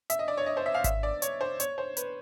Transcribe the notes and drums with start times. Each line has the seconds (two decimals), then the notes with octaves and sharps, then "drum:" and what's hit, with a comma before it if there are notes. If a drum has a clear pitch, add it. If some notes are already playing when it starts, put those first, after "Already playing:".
0.10 E5, drum: hi-hat
0.19 D#5
0.28 D5
0.37 C#5
0.46 D#5
0.57 C5
0.66 E5
0.74 F5
0.84 E5, drum: kick G#1, hi-hat
1.03 D5
1.22 C#5, drum: hi-hat
1.41 C5
1.60 C#5, drum: hi-hat
1.78 C5
1.97 B4, drum: hi-hat